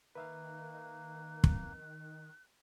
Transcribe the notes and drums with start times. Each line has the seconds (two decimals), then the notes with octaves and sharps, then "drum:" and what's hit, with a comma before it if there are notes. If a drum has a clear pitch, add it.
0.15 D#3 A#3 B4 E5 F5 F#6
1.44 drum: kick